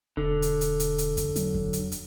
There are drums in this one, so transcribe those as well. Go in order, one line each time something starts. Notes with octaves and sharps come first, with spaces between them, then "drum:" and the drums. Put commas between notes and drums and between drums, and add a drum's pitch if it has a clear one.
E1 D3
drum: hi-hat
drum: hi-hat
drum: hi-hat
drum: hi-hat
drum: kick F2, hi-hat
F#3, drum: hi-hat
drum: kick F2
drum: hi-hat
drum: hi-hat